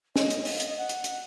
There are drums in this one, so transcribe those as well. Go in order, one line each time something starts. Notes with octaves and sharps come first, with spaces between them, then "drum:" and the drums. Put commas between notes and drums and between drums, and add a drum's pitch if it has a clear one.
D#5, drum: snare
drum: hi-hat
drum: open hi-hat
drum: hi-hat
F#5
drum: hi-hat
drum: hi-hat